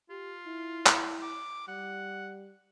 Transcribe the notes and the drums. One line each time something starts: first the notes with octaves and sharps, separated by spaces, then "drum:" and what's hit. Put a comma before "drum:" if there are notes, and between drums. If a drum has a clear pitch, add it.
F4 G4
E4
drum: clap
D6
G3 F#5